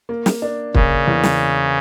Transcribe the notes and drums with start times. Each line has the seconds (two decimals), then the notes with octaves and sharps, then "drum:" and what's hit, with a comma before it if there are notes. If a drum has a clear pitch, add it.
0.09 A#3
0.26 drum: snare
0.42 D4
0.74 C#3 A#3, drum: kick
1.08 E2
1.23 drum: snare